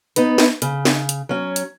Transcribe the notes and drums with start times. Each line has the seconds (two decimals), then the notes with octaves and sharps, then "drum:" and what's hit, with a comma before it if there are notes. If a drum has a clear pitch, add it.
0.16 B3 D#4 B4, drum: hi-hat
0.38 drum: snare
0.62 C#3, drum: hi-hat
0.85 drum: snare
1.09 drum: hi-hat
1.29 F#3 C#4
1.56 drum: hi-hat